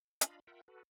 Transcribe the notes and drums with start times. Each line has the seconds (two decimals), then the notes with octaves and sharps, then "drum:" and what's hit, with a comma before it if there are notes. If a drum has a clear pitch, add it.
0.21 D4 F4 D#5 F5 B5, drum: hi-hat
0.47 F4 A#4 E5 F#5 G5
0.68 F#4 A4 B4